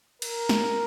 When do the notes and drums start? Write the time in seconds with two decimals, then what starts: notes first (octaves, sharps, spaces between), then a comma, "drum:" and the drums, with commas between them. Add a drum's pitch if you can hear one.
0.22 A#4, drum: cymbal
0.49 drum: snare